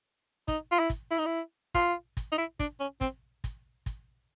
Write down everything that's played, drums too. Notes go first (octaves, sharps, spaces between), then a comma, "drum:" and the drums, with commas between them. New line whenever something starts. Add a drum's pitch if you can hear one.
D#4, drum: kick, hi-hat
F4
E4
drum: kick, hi-hat
E4
D#4
E4
F4, drum: kick, hi-hat
drum: kick, hi-hat
D#4
E4
D4, drum: kick, hi-hat
C#4
C4, drum: kick, hi-hat
drum: kick, hi-hat
drum: kick, hi-hat